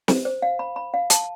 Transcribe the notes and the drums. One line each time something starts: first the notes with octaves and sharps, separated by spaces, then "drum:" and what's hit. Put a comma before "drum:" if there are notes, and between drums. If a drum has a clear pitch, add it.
C5, drum: snare
C5
F5
B5
B5
F5
A5, drum: hi-hat